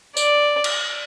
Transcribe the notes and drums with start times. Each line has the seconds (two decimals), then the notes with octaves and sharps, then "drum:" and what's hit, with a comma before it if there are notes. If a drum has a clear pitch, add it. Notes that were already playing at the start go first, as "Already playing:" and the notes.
0.17 D5, drum: tambourine
0.64 drum: cymbal